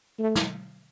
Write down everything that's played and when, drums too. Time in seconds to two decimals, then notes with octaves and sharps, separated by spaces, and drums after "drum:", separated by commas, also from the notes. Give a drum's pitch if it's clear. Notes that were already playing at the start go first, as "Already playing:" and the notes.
0.19 A3
0.35 drum: snare